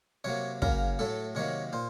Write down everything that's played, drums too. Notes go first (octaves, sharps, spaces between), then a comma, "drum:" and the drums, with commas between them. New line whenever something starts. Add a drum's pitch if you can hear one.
C3 F#3 A#3 C#5
C#3 F#3 A#3 A#4, drum: kick
A2 F#3 A3 A4
C3 D#3 F#3 A#3 C#5
A#2 C5